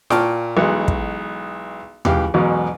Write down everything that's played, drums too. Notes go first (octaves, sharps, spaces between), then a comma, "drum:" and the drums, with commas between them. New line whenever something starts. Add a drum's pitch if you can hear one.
A#2 G5 A5 C#6 F6, drum: snare F4
B1 E3 G#3 F#4 F#5
drum: kick
C#2 E3 G4 F5, drum: tom D#2
A1 E2 G#2 B2 F#3